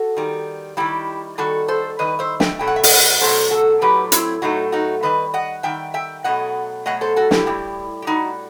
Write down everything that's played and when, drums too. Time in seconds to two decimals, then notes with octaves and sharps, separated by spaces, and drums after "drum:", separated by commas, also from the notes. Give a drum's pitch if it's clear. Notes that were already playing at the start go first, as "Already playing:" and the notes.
Already playing: F#4 A4
0.17 D#3 G3
0.77 D#3 G3 E4 G4
1.38 D#3 G3 F#4 A4
1.68 A4 C5
1.99 D#3 G3 B4 D#5
2.19 C5 E5
2.40 E5 G5, drum: snare
2.59 B2 F#3 A3 G5
2.67 F#5
2.76 E5
2.83 D#5 F#5, drum: open hi-hat
3.21 B2 F#3 A3 A4 C5
3.51 F#4 A4
3.81 A2 F#3 A3 G4 B4
4.12 C4 E4, drum: hi-hat
4.42 A2 F#3 A3 D#4 F#4
4.72 D#4 F#4
5.03 D#3 G3 B4 D#5
5.34 D#5 F#5
5.63 D#3 G3 E5 G5
5.94 E5 G5
6.24 B2 F#3 A3 D#5 F#5
6.86 B2 F#3 A3 D#5 F#5
7.01 A4 C5
7.16 F#4 A4
7.31 E4 G4, drum: snare
7.47 A2 G3
8.02 G4
8.07 A2 G3 D#4 F#4